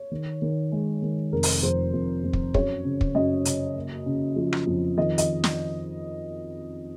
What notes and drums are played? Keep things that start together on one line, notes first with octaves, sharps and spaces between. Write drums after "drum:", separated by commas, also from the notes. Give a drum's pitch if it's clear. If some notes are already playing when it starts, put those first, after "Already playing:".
Already playing: C#5
D#3
D#3
G#3
D#3
F1 A#4
drum: open hi-hat
F2 C5
F2
F2
drum: kick
F#2 C#5, drum: kick
C#3
drum: kick
F#2 D#5
C#3, drum: hi-hat
A#3
C#3
F3
drum: rim click
F2
D#3 D#5
D#5, drum: hi-hat
drum: snare